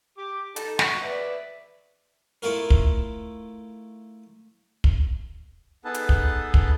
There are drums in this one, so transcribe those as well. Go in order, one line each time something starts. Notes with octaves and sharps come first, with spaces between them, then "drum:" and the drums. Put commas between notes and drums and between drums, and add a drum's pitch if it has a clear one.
G4 D6
D#4 A4, drum: hi-hat
D#5 F#5 C#6, drum: snare
B4 D5 E5
A3 E4 F4 A#4
drum: kick
drum: kick
B3 D#4 G#4 A4 B4 A5
drum: hi-hat
drum: kick
drum: kick